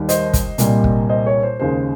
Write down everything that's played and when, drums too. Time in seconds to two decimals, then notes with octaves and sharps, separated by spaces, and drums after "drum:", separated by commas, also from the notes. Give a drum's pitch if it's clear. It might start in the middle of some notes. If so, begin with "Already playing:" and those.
Already playing: D#2 D#3 G3
0.09 C5 D#5, drum: hi-hat
0.33 drum: kick, hi-hat
0.58 C2 A#2 G3 A#3, drum: hi-hat
0.84 drum: kick
1.09 C5 D#5
1.26 C#5
1.43 C5
1.59 D#2 C#3 G#3 C5